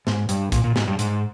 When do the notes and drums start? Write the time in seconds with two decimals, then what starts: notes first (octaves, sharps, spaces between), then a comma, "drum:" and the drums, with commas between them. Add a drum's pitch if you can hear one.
0.07 G#2, drum: snare
0.29 G2, drum: hi-hat
0.52 A#2, drum: kick, hi-hat
0.64 A#2
0.76 G#2, drum: snare
0.87 G2
0.99 G#2, drum: hi-hat